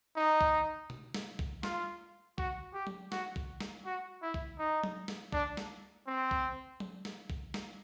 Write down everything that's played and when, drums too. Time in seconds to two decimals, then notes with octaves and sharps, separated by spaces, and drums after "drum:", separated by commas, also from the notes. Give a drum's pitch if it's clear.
0.16 D#4
0.41 drum: kick B1
0.90 drum: tom B2
1.14 drum: snare
1.39 drum: kick B1
1.63 F4, drum: snare
2.38 F#4, drum: kick B1
2.74 G4
2.87 drum: tom F#3
3.12 F#4, drum: snare
3.36 drum: kick B1
3.61 drum: snare
3.86 F#4
4.22 E4
4.34 drum: kick B1
4.59 D#4
4.84 drum: tom F#3
5.08 drum: snare
5.33 D4, drum: kick B1
5.57 drum: snare
6.07 C4
6.31 drum: kick B1
6.80 drum: tom F#3
7.05 drum: snare
7.30 drum: kick B1
7.54 drum: snare